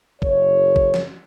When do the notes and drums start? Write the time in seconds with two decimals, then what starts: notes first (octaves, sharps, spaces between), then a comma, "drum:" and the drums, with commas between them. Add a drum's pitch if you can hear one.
0.22 F#1 C#5, drum: kick
0.76 drum: kick
0.94 drum: snare